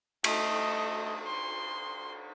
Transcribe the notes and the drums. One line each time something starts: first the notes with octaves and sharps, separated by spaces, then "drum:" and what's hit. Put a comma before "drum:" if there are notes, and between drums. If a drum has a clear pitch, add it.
A3 D#5, drum: cymbal
C6